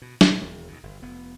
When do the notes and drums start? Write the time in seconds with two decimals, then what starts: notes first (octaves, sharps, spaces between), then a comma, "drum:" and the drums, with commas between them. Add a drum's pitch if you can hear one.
0.02 B2
0.21 A#2, drum: snare
0.41 E1 D#2
0.68 D#2 G#2 B2
0.83 G1
1.02 F1 B3